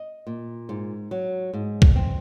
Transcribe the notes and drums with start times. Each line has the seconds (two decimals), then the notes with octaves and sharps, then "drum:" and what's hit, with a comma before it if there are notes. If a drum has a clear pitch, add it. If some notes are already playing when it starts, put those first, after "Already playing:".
Already playing: D#5
0.27 A#2
0.69 G#2
1.11 F#3
1.53 G#2
1.82 drum: kick
1.96 C4